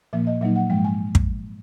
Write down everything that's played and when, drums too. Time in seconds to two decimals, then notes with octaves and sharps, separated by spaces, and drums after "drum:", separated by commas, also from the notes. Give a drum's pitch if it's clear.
0.13 A#2 F3 A#3 E5
0.27 D#5
0.41 A#2 F#3 A#3 D#4 E5
0.56 F#5
0.70 G#2 F3 G#3 G5
0.85 G#5
1.15 drum: kick